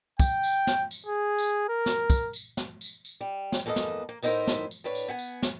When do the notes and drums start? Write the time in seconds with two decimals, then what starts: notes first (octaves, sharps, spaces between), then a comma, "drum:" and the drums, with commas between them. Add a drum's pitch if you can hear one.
0.20 G5, drum: kick, tambourine
0.43 drum: tambourine
0.67 drum: snare
0.91 drum: tambourine
1.07 G#4
1.38 drum: tambourine
1.69 A#4
1.86 drum: snare
2.10 drum: kick, tambourine
2.33 drum: tambourine
2.57 drum: snare
2.81 drum: tambourine
3.05 drum: tambourine
3.21 G3
3.52 drum: snare
3.66 E2 A#3 A4 B4 D#5
3.76 drum: snare
4.09 A#3
4.23 A2 B3 D#4 E4 A#4 C5, drum: tambourine
4.47 drum: snare
4.71 drum: tambourine
4.84 A2 D4 B4 C#5
4.95 drum: tambourine
5.08 B3 F#5 G#5
5.19 drum: tambourine
5.42 drum: snare